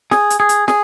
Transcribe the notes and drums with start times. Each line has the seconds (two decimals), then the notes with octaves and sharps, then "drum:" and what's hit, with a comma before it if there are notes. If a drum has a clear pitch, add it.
0.11 G#4, drum: snare
0.30 drum: hi-hat
0.40 G#4
0.49 drum: hi-hat
0.68 G#4, drum: snare